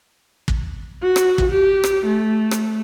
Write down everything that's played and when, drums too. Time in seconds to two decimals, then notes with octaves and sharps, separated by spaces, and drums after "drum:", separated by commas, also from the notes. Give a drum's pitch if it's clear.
0.48 drum: kick
1.03 F#4
1.16 drum: rim click
1.38 drum: kick
1.51 G4
1.84 drum: rim click
2.06 A3
2.51 drum: rim click